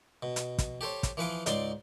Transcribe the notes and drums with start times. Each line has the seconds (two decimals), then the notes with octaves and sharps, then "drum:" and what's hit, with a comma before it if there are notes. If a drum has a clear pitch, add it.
0.23 B2
0.36 drum: hi-hat
0.58 drum: kick, hi-hat
0.81 G4 A4 C5 C#5
1.03 drum: kick, hi-hat
1.17 E3 F3 B4 F5 G#5 D6
1.46 C#2 G#2 D5 C6 D6, drum: hi-hat